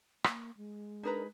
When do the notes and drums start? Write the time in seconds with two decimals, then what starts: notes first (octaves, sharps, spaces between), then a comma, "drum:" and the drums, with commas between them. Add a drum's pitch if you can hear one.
0.24 A#3, drum: rim click
0.57 G#3
1.03 D4 D#4 G#4 A#4 B4 A#5